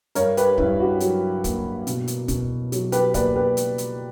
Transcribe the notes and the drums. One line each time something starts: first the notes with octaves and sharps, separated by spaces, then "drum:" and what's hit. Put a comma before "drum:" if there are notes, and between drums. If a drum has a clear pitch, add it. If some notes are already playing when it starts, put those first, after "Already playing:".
G2 A#4 C#5, drum: hi-hat
G4 B4, drum: hi-hat
G2 E4, drum: kick
F#4
F#3, drum: hi-hat
A#3, drum: kick, hi-hat
B2, drum: hi-hat
drum: hi-hat
B2, drum: kick, hi-hat
F#3, drum: hi-hat
G4 B4, drum: hi-hat
A#3 B4 D5, drum: kick, hi-hat
G4 B4
drum: hi-hat
drum: hi-hat